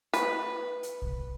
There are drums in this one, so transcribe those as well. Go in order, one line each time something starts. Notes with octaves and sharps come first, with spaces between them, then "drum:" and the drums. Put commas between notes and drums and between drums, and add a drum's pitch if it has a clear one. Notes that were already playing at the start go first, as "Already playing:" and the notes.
B4, drum: hi-hat
drum: hi-hat
drum: kick